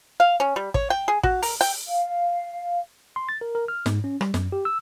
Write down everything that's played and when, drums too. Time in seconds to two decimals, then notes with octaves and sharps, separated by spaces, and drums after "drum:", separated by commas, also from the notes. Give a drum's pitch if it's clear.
0.20 F5
0.40 C#4
0.56 G3
0.74 C#5, drum: kick
0.90 G5
1.08 G#4
1.23 F#4, drum: kick
1.42 A#4, drum: open hi-hat
1.61 G5, drum: open hi-hat
1.88 F5
3.16 C6
3.29 A6
3.41 A#4
3.55 A#4
3.68 F6
3.86 G#2, drum: snare
4.04 C#4
4.21 G3, drum: rim click
4.34 F#2, drum: snare
4.52 G4
4.65 E6